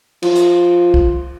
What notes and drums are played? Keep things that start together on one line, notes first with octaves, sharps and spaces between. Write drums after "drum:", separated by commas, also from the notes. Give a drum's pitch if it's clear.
F3, drum: cymbal
drum: hi-hat
drum: kick